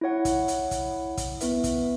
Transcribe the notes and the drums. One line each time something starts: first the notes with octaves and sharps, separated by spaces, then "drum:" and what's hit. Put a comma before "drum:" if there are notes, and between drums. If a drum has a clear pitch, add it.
E4 C#5 F#5
drum: kick, hi-hat
drum: hi-hat
drum: kick, hi-hat
drum: kick, hi-hat
B3 E4 B4 E5, drum: hi-hat
drum: kick, hi-hat